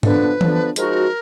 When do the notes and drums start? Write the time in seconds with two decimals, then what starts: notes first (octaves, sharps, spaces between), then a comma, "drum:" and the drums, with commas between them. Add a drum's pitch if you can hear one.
0.03 D3 F3 B3 D4 B4, drum: tom G#2
0.41 D3 F3 B3 D4, drum: tom E3
0.76 F3 G#3 D#4 F#4 A#4, drum: hi-hat